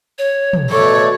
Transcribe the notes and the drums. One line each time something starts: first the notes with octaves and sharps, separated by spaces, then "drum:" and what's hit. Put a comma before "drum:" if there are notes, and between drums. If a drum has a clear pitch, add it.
C#5
drum: tom
B2 A3 A4 C#5 D5